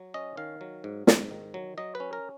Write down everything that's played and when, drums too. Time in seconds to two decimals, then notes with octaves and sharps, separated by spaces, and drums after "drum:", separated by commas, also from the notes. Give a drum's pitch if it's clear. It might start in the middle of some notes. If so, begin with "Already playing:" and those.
Already playing: F#3
0.14 C#4 D#5
0.37 D#3 F5
0.61 F#3
0.84 G#2
1.07 G#2, drum: snare
1.31 D#3
1.54 F#3
1.78 F#3 D#5
1.95 B4
2.00 C#4
2.13 A#4